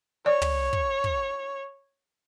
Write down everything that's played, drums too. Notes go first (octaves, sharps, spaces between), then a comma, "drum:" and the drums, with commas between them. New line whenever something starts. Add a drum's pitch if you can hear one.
C#5 D5
drum: tom
drum: kick
drum: kick